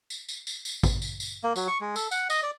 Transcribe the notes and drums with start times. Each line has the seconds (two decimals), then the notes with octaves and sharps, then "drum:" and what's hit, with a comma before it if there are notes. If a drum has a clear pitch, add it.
0.10 drum: tambourine
0.29 drum: tambourine
0.47 drum: tambourine
0.65 drum: tambourine
0.83 drum: kick, tambourine
1.02 drum: tambourine
1.20 drum: tambourine
1.44 A#3
1.56 F#3, drum: tambourine
1.68 C#6
1.81 G#3
1.96 A4, drum: tambourine
2.11 F#5, drum: tambourine
2.30 D#5, drum: tambourine
2.43 D5